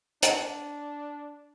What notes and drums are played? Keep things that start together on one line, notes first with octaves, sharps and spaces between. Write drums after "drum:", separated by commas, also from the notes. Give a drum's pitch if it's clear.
D4, drum: hi-hat